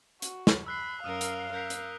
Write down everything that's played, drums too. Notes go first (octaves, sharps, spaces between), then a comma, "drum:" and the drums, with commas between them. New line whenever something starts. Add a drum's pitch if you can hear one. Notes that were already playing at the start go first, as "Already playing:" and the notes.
F#4, drum: hi-hat
drum: snare
B5 E6 F#6 C7
F#2 A#4 F5 D#6 F6 D#7
drum: hi-hat
A#4 G6 B6 F7
drum: hi-hat